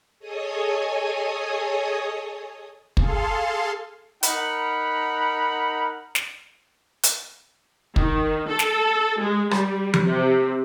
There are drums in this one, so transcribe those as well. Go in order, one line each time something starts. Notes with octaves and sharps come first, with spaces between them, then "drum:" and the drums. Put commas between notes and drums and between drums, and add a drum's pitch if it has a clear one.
G#4 A4 C#5 D#5 G#5 D#6
G#4 A4 F5 A5 C6, drum: kick
D#4 A#4 F#5 B5, drum: hi-hat
drum: snare
drum: hi-hat
D#3, drum: kick
A4
drum: snare
G#3
G3, drum: rim click
drum: tom F3
C3